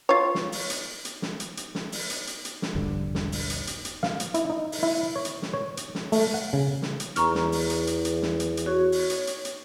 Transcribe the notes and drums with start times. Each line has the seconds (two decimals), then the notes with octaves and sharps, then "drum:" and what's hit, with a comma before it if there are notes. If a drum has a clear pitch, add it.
0.09 F4 C#5
0.35 drum: snare
0.52 drum: open hi-hat
0.70 drum: hi-hat
1.05 drum: hi-hat
1.22 drum: snare
1.40 drum: hi-hat
1.57 drum: hi-hat
1.75 drum: snare
1.92 drum: open hi-hat
2.10 drum: hi-hat
2.27 drum: hi-hat
2.45 drum: hi-hat
2.62 drum: snare
2.75 D#1 A#1 G2 D3
3.15 drum: snare
3.32 drum: open hi-hat
3.50 drum: hi-hat
3.67 drum: hi-hat
3.85 drum: hi-hat
4.03 F5, drum: snare
4.20 drum: hi-hat
4.34 E4, drum: hi-hat
4.50 D#4
4.72 drum: open hi-hat
4.83 E4
5.16 C#5
5.25 drum: hi-hat
5.42 drum: snare
5.54 C#5
5.77 drum: hi-hat
5.95 drum: snare
6.12 A3, drum: open hi-hat
6.34 F#5
6.53 C#3
6.82 drum: snare
7.00 drum: hi-hat
7.16 E2 A#5 C#6 F6, drum: hi-hat
7.35 drum: snare
7.52 drum: open hi-hat
7.70 drum: hi-hat
7.87 drum: hi-hat
8.05 drum: hi-hat
8.22 drum: snare
8.40 drum: hi-hat
8.57 drum: hi-hat
8.66 F#4 C#5
8.92 drum: open hi-hat
9.10 drum: hi-hat
9.27 drum: hi-hat
9.45 drum: hi-hat